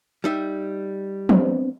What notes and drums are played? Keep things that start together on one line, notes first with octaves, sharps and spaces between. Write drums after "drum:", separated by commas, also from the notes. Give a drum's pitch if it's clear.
G3 D#4 E5
B3 C4 D4, drum: tom